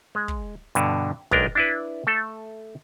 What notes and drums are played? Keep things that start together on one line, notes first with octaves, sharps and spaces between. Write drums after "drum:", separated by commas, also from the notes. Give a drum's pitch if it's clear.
G#3
drum: kick
G2 B2 D3, drum: hi-hat
B1 G#3 D4 A#4 G5, drum: kick
D4 E4 B4
A3 A4